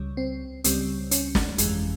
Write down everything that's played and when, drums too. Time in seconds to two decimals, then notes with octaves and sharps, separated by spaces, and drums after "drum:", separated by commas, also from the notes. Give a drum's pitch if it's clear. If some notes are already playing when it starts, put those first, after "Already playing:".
Already playing: C#2 C#3 G3
0.17 C4
0.64 C#2 C#3 G3 C4, drum: hi-hat
1.11 C#4, drum: hi-hat
1.35 drum: snare
1.58 G1 F2 E3 G#3, drum: hi-hat